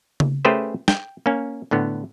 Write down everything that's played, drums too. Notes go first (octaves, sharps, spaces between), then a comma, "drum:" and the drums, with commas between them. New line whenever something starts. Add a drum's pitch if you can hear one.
drum: tom C#3
A3 C#4 G4 G#4 B4 C5
G5, drum: snare
A#3 C#4
A2 D3 B3